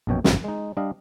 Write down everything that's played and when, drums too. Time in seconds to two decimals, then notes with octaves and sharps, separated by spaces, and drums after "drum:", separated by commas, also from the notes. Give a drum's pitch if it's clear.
0.07 A#1 F#2 B2 C#5 G5
0.24 G#1 F#2 C3 A#3, drum: snare
0.44 G#3 D#4
0.77 G3 D4 D#5 F5